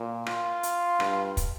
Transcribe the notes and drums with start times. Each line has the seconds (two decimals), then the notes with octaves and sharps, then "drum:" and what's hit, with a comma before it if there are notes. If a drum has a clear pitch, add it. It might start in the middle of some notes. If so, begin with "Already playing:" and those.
Already playing: A#2
0.26 F4, drum: rim click
0.63 drum: hi-hat
1.00 G2, drum: rim click
1.37 drum: kick, hi-hat